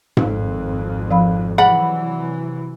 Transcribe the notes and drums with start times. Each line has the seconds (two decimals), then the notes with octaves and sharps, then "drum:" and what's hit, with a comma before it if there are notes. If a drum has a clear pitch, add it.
0.17 G#1 F2, drum: tom G#2
1.11 F3 F5 B5
1.58 C3 E3 F#3 G#4 D5 F#5 B5